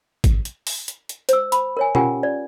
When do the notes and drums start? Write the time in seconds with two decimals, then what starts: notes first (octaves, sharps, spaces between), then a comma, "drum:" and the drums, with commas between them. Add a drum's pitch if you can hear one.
0.24 drum: kick, hi-hat
0.45 drum: hi-hat
0.67 drum: open hi-hat
0.88 drum: hi-hat
1.09 drum: hi-hat
1.29 C5 E6, drum: hi-hat
1.52 B5, drum: hi-hat
1.77 A#4 C#5 G#5
1.95 C#4 F4 G4 A#4 F#5 G#5, drum: tom B2
2.23 D5